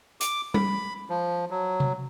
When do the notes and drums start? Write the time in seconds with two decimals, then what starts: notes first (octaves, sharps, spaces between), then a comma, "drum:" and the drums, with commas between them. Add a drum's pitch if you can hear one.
0.21 D6, drum: hi-hat
0.54 B5, drum: tom G3
1.09 F3
1.50 F#3
1.80 drum: tom C3